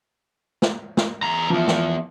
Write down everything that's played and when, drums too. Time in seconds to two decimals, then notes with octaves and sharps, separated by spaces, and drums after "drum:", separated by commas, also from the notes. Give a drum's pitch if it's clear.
0.62 drum: snare
0.97 drum: snare
1.23 E2 A#5
1.50 E3 F3 B3
1.68 drum: snare